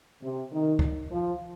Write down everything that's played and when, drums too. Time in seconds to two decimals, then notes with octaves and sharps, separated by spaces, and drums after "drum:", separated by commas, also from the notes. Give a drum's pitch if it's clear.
0.22 C3
0.53 D#3
0.79 drum: kick
1.12 F3